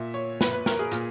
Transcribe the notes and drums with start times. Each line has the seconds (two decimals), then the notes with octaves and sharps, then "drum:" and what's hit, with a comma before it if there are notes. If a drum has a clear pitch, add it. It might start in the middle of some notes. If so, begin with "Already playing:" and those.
Already playing: A#2 E5
0.14 C#5
0.41 B4, drum: snare
0.53 B4
0.66 A#4, drum: snare
0.79 G#4
0.91 A#2, drum: hi-hat